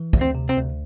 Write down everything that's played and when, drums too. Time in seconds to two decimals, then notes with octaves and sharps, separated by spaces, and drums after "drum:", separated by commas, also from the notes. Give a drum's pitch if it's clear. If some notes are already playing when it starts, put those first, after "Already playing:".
Already playing: E3
0.13 D2, drum: kick
0.21 C4
0.35 C3
0.49 C4
0.57 D2